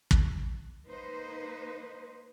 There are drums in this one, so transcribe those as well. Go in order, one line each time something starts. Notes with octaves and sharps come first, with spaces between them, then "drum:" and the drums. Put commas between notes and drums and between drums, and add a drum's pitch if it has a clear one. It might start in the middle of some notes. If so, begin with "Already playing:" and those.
drum: kick
A#3 D#4 B4 C5